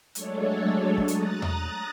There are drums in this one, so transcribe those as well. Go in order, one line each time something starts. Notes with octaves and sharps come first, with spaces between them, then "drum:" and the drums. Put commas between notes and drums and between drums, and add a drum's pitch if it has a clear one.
F#3 G#3 A3 D4 A4 C#5, drum: hi-hat
drum: kick
A#5 D#6 F#6 A6, drum: hi-hat
drum: tom E2